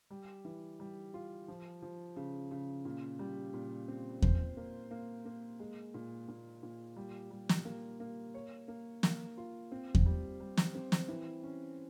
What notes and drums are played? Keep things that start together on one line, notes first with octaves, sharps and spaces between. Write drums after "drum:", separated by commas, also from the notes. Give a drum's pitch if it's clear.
G3
E3
G3
F4
F3
F3
C#3
C#3
A#2
G3
A#2
C4
C5, drum: kick E2
A#3
A#3
A#3
G#3
A#2
A#2
A#2
G3
G3
drum: snare
A#3
A#3
C#5
A#3
A#3, drum: snare
F4
C4
drum: kick E2
G3
G3
drum: snare
C4
drum: snare
E3
C#4